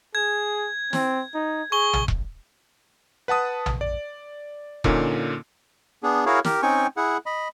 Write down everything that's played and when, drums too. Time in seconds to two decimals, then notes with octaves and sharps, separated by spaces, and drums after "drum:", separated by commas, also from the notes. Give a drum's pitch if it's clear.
0.15 G#4 G#6
0.93 C4, drum: snare
1.34 D#4
1.72 G#4 C#6 G7
1.93 drum: tom
2.08 drum: kick E1
3.28 B4 F#5 A5 D#6
3.66 drum: tom
3.81 D5
4.84 A#2 D3 A#3 C#4 D#4, drum: kick E1
6.03 B3 D4 G#4
6.26 E4 F#4 G#4 A#4 C#5 F5
6.45 G4 A#4, drum: snare
6.63 C4 C#4 D#4 G5 G#5 C#6
6.97 E4 G#4 F#5
7.26 D#5 B5